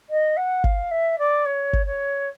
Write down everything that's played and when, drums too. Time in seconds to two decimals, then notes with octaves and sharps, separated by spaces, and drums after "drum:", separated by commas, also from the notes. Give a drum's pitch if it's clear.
0.10 D#5
0.37 F#5
0.64 F5, drum: kick G1
0.91 E5
1.19 D5
1.46 C#5
1.73 drum: kick G1
1.86 C#5